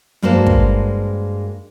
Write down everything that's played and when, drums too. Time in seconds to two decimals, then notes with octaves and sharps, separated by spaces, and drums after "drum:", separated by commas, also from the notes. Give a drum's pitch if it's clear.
0.22 G2 G#3 A#3 F#4 C5 A5
0.46 drum: kick